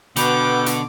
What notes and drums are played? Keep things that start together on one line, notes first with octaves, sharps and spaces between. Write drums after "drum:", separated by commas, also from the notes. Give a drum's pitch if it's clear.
B2 D3 B3 G5 D6, drum: hi-hat
drum: hi-hat